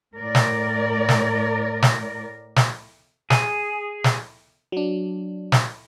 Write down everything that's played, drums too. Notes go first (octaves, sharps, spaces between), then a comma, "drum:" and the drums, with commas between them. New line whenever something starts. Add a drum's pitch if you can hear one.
A2 A#4 D5
drum: snare
drum: snare
drum: snare
drum: snare
G#4, drum: snare
drum: snare
F#3 D4
drum: snare